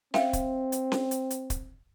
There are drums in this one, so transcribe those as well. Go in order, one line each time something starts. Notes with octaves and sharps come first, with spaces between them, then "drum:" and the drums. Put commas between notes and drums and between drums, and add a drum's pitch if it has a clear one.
C4 E5 F5 G5, drum: snare C#4
drum: kick, hi-hat
drum: hi-hat
drum: snare C#4
drum: hi-hat
drum: hi-hat
drum: kick, hi-hat